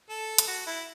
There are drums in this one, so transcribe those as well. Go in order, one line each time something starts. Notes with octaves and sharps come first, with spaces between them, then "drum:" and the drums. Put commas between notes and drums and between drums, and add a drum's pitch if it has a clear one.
A4
drum: hi-hat
F#4
E4